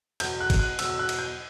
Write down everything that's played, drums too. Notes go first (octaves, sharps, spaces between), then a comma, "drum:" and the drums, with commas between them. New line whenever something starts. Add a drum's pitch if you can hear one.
E2 B2 F#3 G6, drum: cymbal
F#6
drum: kick, cymbal
F#6
E2 B2 F#3 E6, drum: cymbal
E6
F#6
drum: cymbal
G6